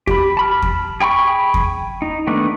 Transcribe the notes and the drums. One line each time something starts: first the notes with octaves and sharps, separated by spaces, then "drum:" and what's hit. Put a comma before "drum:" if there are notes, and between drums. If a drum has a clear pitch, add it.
G4 B5, drum: kick E2
A5 B5 F6
drum: kick E2
G#4 G5 B5 C#6 D#6
drum: kick E2
D#4
D#3 A3 B3 D4